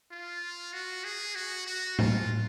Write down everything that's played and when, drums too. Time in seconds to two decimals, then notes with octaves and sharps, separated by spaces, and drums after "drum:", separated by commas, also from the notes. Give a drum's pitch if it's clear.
0.11 F4
0.73 F#4
1.05 G#4
1.35 F#4
1.67 F#4
1.99 F4, drum: tom A2